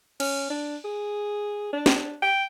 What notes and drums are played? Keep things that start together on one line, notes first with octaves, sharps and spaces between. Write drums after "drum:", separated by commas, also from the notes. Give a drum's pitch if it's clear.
C#4, drum: cymbal
D4
G#4
D4
drum: snare
G5